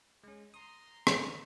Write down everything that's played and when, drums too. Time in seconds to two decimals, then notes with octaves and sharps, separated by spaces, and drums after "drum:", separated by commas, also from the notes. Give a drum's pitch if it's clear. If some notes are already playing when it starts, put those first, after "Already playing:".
0.24 G#3 C#4
0.54 A#5 C6 D#6
1.07 D3 A#4 C#5 D#5 A#5, drum: rim click